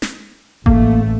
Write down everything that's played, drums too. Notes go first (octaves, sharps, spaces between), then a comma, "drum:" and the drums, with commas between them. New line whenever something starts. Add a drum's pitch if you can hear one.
drum: snare
A1 A3 A#3, drum: kick G1